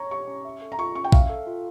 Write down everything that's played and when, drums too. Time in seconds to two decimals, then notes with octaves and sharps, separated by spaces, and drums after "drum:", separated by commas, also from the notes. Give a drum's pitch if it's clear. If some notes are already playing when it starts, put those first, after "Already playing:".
Already playing: C#5 A#5 C#6
0.11 G4 C#6
0.28 C#4
0.45 E5
0.62 A4
0.72 A#5
0.78 F4 C#6
0.95 C#4 C#6
1.04 G5
1.12 E5 F5, drum: kick
1.30 A4
1.47 F4